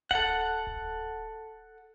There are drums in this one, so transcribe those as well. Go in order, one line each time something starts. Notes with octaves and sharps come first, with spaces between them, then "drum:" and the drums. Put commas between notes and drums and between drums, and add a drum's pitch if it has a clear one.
A4 F#5, drum: kick D1
drum: kick D1